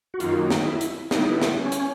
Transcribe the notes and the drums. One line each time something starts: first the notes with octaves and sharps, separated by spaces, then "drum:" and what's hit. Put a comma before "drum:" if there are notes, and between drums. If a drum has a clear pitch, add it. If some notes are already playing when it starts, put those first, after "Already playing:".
F#4
F#2 D#3 F#3 A#3 D#4 F4, drum: hi-hat
drum: snare
E4
drum: hi-hat
D3 G3 B3 D#4 E4, drum: snare
drum: snare
C#4
drum: hi-hat